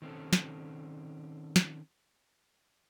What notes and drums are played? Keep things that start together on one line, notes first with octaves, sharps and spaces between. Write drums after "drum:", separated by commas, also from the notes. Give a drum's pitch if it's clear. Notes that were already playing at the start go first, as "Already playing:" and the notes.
D#3 C4 C#4 A4
drum: snare
drum: snare